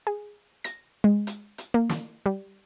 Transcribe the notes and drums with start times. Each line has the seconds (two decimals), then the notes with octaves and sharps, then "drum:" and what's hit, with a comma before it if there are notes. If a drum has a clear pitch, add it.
0.07 G#4
0.64 A#6, drum: hi-hat
1.04 G#3
1.27 drum: hi-hat
1.58 drum: hi-hat
1.74 A#3
1.89 drum: snare
2.26 G3